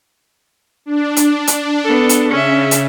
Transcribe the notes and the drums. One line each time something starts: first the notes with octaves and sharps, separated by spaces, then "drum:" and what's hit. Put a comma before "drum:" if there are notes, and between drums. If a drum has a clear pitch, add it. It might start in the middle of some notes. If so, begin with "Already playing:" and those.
D4
drum: hi-hat
drum: hi-hat
B3 A4
drum: hi-hat
C#3 C#4 E5
drum: hi-hat